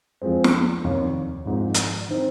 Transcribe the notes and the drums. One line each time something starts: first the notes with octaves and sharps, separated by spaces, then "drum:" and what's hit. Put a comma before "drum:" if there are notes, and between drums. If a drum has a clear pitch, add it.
F2 F3 G#3 C4
drum: snare
F1 D#2 D#3
G#1 G#2 F3
drum: hi-hat
D#3 C4 D#4